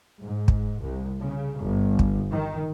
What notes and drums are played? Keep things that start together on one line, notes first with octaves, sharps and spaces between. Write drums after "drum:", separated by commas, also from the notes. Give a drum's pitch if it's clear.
G#2
drum: kick
C2
C#3
G1
drum: kick
D#3